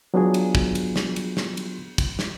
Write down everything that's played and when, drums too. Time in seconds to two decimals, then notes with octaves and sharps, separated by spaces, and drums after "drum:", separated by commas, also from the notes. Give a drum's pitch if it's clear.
0.14 F#3 B3 D4 F4 F#4 G#4
0.34 drum: cymbal
0.55 drum: kick
0.75 drum: cymbal
0.96 drum: snare
1.16 drum: cymbal
1.37 drum: snare
1.57 drum: cymbal
1.98 drum: kick, cymbal
2.19 drum: snare